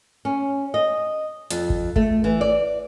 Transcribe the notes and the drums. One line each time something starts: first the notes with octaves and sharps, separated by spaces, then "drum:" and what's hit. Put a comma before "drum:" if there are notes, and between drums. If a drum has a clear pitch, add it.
C#4
D#5
F2, drum: hi-hat
drum: kick G#1
A3, drum: kick G#1
E3
D5